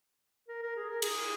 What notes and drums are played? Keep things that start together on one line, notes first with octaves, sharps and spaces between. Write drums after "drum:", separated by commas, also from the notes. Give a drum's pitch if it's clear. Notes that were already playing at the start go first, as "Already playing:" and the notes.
A#4
A#4
G#4
A#4
G#4, drum: cymbal